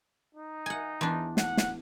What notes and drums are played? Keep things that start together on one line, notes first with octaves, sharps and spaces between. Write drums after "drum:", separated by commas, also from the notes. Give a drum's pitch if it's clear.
D#4
F#5 G#5
E2 D4
F#5, drum: snare
drum: snare